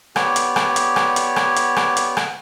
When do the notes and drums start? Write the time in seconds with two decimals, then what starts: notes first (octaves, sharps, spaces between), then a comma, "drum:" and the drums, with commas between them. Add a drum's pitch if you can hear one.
0.16 B3 G4 C#5 D5, drum: rim click
0.36 drum: hi-hat
0.56 drum: rim click
0.76 drum: hi-hat
0.96 drum: rim click
1.16 drum: hi-hat
1.36 drum: rim click
1.56 drum: hi-hat
1.76 drum: rim click
1.97 drum: hi-hat
2.17 drum: rim click